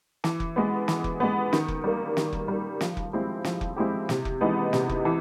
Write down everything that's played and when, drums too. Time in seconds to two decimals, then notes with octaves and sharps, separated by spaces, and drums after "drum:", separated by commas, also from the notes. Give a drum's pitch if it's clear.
0.24 E3, drum: snare
0.40 drum: kick F1
0.56 G#3 B3
0.88 E3, drum: snare
1.04 drum: kick F1
1.20 G#3 B3
1.53 D#3, drum: snare
1.68 drum: kick F1
1.84 G3 A#3
2.17 D#3, drum: snare
2.33 drum: kick F1
2.48 G3
2.53 A#3
2.81 F3, drum: snare
2.97 drum: kick F1
3.13 G#3 C4 E4 G4
3.44 F3, drum: snare
3.61 drum: kick F1
3.76 G#3 C4 E4 G4
4.09 C3, drum: snare
4.25 drum: kick F1
4.41 E3 G#3 B3 D#4
4.73 C3, drum: snare
4.89 drum: kick F1
5.05 E3